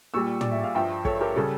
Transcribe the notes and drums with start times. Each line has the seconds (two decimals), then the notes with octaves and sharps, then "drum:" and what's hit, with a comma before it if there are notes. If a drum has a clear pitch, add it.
0.14 A#2 G3 C#6 E6
0.41 D5, drum: tom
0.51 E5
0.64 F5
0.75 G2 F3 E5 G5
1.05 A4 C#5, drum: kick
1.21 G4 A#4
1.36 C#3 G3 A4